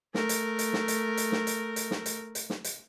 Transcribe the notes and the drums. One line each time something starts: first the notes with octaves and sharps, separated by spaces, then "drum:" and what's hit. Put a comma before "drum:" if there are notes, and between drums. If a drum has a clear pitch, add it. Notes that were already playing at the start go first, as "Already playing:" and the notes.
A3 A#4, drum: snare
drum: hi-hat
drum: hi-hat
drum: snare
drum: hi-hat
drum: hi-hat
drum: snare
drum: hi-hat
drum: hi-hat
drum: snare
drum: hi-hat
drum: hi-hat
drum: snare
drum: hi-hat